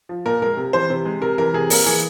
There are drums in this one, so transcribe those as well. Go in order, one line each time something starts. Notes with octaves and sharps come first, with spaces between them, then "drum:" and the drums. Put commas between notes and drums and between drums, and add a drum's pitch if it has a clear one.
F3
A#2 A#4
G#3 A#4
C3
E3 C5
C3
G#3
C3 A#4
E3 A#4
C3 G#4
A#3 A#4, drum: open hi-hat
E3 G#4